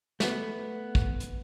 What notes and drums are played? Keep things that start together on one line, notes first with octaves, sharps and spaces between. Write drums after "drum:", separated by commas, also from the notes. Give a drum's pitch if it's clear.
A3 B3, drum: snare
drum: kick
drum: hi-hat